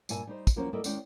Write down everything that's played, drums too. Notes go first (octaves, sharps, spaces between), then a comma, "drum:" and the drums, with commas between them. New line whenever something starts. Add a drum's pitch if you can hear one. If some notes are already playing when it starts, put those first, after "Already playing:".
G2 A#2 E5 G#5 A5, drum: tambourine
G3 D#4 C5
drum: kick, tambourine
F3 F#3 A#3 C#4 C5
G3 A#3 E4 A4 D5 D#5
D#2 G#3 C#4 D5 G5, drum: tambourine